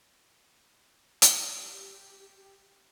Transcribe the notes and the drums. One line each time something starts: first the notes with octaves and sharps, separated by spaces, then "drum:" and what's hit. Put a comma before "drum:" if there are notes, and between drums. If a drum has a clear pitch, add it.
drum: hi-hat
G4